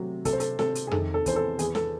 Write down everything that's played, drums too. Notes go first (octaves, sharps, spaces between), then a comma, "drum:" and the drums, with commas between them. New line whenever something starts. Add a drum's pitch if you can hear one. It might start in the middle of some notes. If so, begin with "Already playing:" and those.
Already playing: C3 F#3 A3
C3 A4, drum: kick, hi-hat
C5
A4, drum: hi-hat
C3 A4, drum: snare
drum: hi-hat
G#4
D#3 A4, drum: tom
A4
E2 C5, drum: kick, hi-hat
A4
E2 G#4, drum: hi-hat
A4, drum: snare